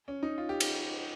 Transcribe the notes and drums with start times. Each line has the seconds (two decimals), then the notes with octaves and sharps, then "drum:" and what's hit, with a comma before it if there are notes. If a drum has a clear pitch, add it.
0.08 C#4
0.23 D#4
0.38 F4
0.49 G4
0.60 drum: cymbal